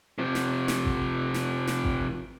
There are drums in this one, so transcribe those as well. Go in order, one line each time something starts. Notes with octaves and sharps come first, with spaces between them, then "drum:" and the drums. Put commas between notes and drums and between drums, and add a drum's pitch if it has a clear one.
C3 F3
drum: snare
drum: snare
drum: kick G#1
drum: snare
drum: snare
drum: kick G#1